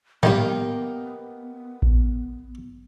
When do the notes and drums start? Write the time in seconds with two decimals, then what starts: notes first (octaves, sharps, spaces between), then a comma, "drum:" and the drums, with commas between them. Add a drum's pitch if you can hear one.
0.23 D#3 G3 A#3 B3 D#4 G4, drum: tom G#2
1.82 drum: kick A1